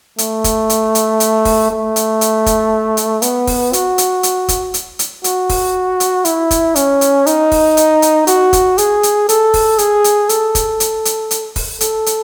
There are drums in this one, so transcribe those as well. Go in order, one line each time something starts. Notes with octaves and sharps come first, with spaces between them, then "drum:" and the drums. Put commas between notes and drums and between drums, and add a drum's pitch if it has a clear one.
A3, drum: hi-hat
drum: kick, hi-hat
drum: hi-hat
drum: hi-hat
drum: hi-hat
drum: kick, open hi-hat
A3
drum: hi-hat
drum: hi-hat
drum: kick, hi-hat
drum: hi-hat
B3, drum: hi-hat
drum: kick, open hi-hat
F#4, drum: hi-hat
drum: hi-hat
drum: hi-hat
drum: kick, hi-hat
drum: hi-hat
drum: hi-hat
F#4, drum: hi-hat
drum: kick, open hi-hat
drum: hi-hat
E4, drum: hi-hat
drum: kick, hi-hat
C#4, drum: hi-hat
drum: hi-hat
D#4, drum: hi-hat
drum: kick, open hi-hat
drum: hi-hat
drum: hi-hat
F#4, drum: hi-hat
drum: kick, hi-hat
G#4, drum: hi-hat
drum: hi-hat
A4, drum: hi-hat
drum: kick, open hi-hat
G#4, drum: hi-hat
drum: hi-hat
A4, drum: hi-hat
drum: kick, hi-hat
drum: hi-hat
drum: hi-hat
drum: hi-hat
drum: kick, open hi-hat
A4, drum: hi-hat
drum: hi-hat